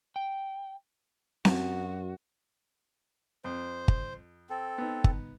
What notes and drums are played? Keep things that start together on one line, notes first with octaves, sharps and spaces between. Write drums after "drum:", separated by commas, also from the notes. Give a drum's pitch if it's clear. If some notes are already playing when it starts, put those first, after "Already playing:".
G5
F#2 F#4, drum: snare C4
F2 C5
drum: kick G1
C4 A4
B3 D#4
drum: kick G1